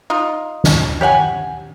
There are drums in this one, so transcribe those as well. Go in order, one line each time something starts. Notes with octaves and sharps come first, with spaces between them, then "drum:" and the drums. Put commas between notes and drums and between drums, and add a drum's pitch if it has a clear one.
D#4 F4
drum: snare
G4 C#5 F#5 G#5